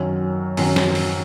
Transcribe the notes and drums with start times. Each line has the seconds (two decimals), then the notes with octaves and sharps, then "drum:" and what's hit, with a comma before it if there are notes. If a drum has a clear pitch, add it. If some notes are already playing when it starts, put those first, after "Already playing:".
Already playing: F#2 D#3 F#3 C#4
0.57 F#2 D#3 F#3 C#4, drum: open hi-hat
0.76 drum: snare
0.95 drum: open hi-hat